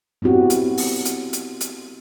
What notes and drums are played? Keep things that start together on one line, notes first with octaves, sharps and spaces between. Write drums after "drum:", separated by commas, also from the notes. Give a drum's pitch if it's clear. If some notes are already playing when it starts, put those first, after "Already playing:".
B3 C4 E4 F#4 G4
drum: hi-hat
drum: open hi-hat
drum: hi-hat
drum: hi-hat
drum: hi-hat